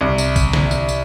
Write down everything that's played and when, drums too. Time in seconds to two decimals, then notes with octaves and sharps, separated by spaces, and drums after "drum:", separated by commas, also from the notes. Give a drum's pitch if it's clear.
0.01 C2
0.18 drum: tambourine
0.36 drum: kick, tambourine
0.53 drum: snare
0.71 drum: tambourine
0.89 drum: tambourine